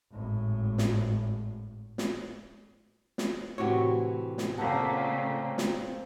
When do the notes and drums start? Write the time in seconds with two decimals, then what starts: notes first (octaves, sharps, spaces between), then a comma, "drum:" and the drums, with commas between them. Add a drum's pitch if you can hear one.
0.12 G#1 A2
0.78 drum: snare
1.98 drum: snare
3.18 drum: snare
3.58 A2 C3 E3 F#4 G4 C#5
4.38 drum: snare
4.58 A#2 C#3 A3 A#3 C4 F#5 A5
5.58 drum: snare